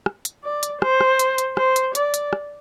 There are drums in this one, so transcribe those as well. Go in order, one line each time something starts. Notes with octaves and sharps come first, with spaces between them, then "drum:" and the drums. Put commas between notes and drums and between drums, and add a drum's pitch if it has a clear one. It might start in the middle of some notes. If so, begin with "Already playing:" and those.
drum: rim click
drum: hi-hat
D5
drum: hi-hat
C5, drum: rim click
drum: rim click
drum: hi-hat
drum: hi-hat
C5, drum: rim click
drum: hi-hat
D5, drum: hi-hat
drum: hi-hat
drum: rim click